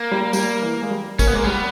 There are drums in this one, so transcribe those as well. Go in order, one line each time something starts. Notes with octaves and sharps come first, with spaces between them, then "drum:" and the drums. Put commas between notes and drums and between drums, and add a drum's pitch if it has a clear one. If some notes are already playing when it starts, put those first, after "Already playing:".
Already playing: A#3
G3
G3, drum: tambourine
E3
G#3
G3
A#3 C#4, drum: kick, tambourine
B3
G#3 A#3
G3 B3